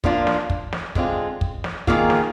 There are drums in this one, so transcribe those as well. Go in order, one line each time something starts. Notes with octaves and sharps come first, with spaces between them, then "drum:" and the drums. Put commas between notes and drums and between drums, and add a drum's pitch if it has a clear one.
F3 A#3 D4 F4, drum: kick
drum: snare
drum: kick
drum: snare
D3 G#3 C4 F4, drum: kick
drum: kick
drum: snare
D#3 A#3 F4 G#4, drum: kick
drum: snare